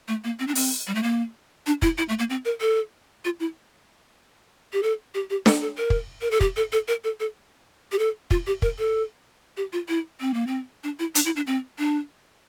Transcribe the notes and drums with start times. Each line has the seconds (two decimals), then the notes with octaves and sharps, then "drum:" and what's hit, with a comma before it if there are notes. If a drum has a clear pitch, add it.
0.08 A3
0.24 A#3
0.39 C4
0.47 D4
0.55 C4, drum: open hi-hat
0.87 G3
0.95 A3
1.03 A#3
1.67 D4
1.82 E4, drum: kick
1.98 E4
2.09 A3
2.19 A#3
2.30 C4
2.45 A#4
2.61 A4
3.25 F4
3.40 E4
4.73 G4
4.83 A4
5.14 G4
5.30 G4
5.46 A4, drum: snare D4
5.61 A4
5.78 A#4
5.90 drum: kick
6.21 A#4
6.31 A4
6.41 G4, drum: kick
6.57 A4
6.72 A4
6.88 A#4
7.04 A4
7.20 A4
7.92 G4
7.99 A4
8.31 F4, drum: kick
8.47 G4
8.62 A#4, drum: kick
8.78 A4
9.57 G4
9.73 F4
9.88 E4
10.21 C4
10.34 A#3
10.47 C4
10.84 D4
10.99 E4
11.15 D4, drum: hi-hat
11.26 E4
11.36 D4
11.47 C4
11.79 D4